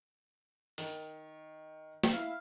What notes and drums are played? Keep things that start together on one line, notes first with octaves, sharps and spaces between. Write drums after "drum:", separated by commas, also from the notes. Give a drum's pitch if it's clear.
D#3, drum: open hi-hat
drum: snare
E4 F5